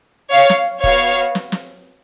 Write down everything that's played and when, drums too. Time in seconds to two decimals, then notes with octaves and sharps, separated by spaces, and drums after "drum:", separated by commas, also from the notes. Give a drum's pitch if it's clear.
0.32 C#5 F5
0.49 drum: snare
0.84 B3 F#4 C#5 F5, drum: kick
1.35 drum: snare
1.52 drum: snare